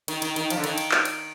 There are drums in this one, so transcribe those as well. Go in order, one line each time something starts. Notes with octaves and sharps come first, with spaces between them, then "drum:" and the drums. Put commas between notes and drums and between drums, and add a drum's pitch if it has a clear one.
D#3, drum: cymbal
D#3, drum: cymbal
D#3, drum: cymbal
F3, drum: cymbal
D3
D#3, drum: cymbal
drum: cymbal
drum: clap
drum: cymbal